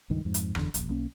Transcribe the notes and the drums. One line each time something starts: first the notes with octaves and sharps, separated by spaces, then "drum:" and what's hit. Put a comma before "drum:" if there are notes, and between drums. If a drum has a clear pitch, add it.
C#2 G2 D#3
F2 G#2
drum: hi-hat
F#1 E2 B2 D3, drum: rim click
D#1 A#1, drum: hi-hat
B1 A#3 C#4